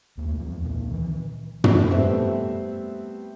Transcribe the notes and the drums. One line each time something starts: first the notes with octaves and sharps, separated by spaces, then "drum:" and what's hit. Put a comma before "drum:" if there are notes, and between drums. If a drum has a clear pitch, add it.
D#2 G#3 A3
E2 F3
C#2 A#2
D#3 E3
drum: tom
G3 A3 B3 C4 C5 E5